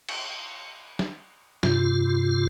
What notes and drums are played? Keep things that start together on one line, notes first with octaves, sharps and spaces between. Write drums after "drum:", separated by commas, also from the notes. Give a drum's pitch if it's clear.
drum: cymbal
drum: snare
G2 C3 F4, drum: snare